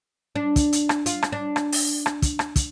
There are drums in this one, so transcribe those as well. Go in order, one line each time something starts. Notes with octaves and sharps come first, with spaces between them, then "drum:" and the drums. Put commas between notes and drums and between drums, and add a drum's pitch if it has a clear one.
D4
drum: kick, hi-hat
drum: hi-hat
drum: rim click
F4, drum: hi-hat
drum: rim click
D4
drum: rim click
drum: open hi-hat
drum: rim click
drum: kick, hi-hat
drum: rim click
drum: kick, hi-hat